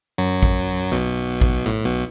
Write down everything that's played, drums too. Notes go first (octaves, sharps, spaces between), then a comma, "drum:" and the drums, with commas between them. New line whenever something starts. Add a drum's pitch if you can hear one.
F#2 F#3
drum: kick
B1 B2
drum: kick
A2
B1 B2